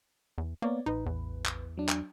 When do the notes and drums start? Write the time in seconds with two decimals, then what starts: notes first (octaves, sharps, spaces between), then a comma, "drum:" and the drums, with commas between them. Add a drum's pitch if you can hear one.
0.38 E2
0.62 A#3 B3 C#5 D5
0.86 A1 D#4 B4
1.06 E2
1.45 drum: clap
1.77 F#3 D4
1.88 drum: clap